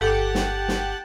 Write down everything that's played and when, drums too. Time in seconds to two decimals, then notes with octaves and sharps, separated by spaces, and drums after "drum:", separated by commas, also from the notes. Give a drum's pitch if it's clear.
0.01 G1 G4 A4 F#5 A5
0.35 drum: snare
0.68 drum: snare